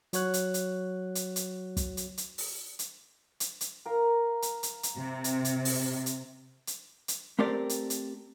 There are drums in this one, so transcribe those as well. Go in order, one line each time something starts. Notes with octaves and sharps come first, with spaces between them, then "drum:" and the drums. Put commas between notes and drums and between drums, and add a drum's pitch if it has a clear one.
F#3 F#4 C#5 F#6, drum: hi-hat
drum: hi-hat
drum: hi-hat
drum: hi-hat
drum: hi-hat
drum: kick, hi-hat
drum: hi-hat
drum: hi-hat
drum: open hi-hat
drum: hi-hat
drum: hi-hat
drum: hi-hat
A#4 F5 A#5
drum: hi-hat
drum: hi-hat
drum: hi-hat
C3
drum: hi-hat
drum: hi-hat
drum: open hi-hat
drum: hi-hat
drum: hi-hat
drum: hi-hat
A3 C4 G4 A#4 D5
drum: hi-hat
drum: hi-hat